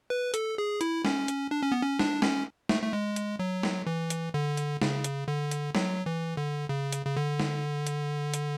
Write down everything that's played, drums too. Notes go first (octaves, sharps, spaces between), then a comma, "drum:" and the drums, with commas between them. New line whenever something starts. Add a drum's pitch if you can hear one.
B4
A4, drum: hi-hat
G#4
E4, drum: hi-hat
C#4, drum: snare
drum: hi-hat
D4
C#4
B3
C#4
D4, drum: snare
C#4, drum: snare
A3, drum: snare
A3
G#3
drum: hi-hat
F#3
drum: snare
E3
drum: hi-hat
D3
drum: hi-hat
C#3, drum: snare
drum: hi-hat
D3
drum: hi-hat
F#3, drum: snare
E3
D3
C#3
drum: hi-hat
C#3
D3
drum: snare
drum: hi-hat
drum: hi-hat